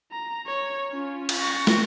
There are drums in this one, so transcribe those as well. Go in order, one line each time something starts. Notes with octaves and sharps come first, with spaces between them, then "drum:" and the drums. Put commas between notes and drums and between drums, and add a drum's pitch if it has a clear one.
A#5
C#5
C#4 F4
drum: cymbal
C#6 A#6
drum: snare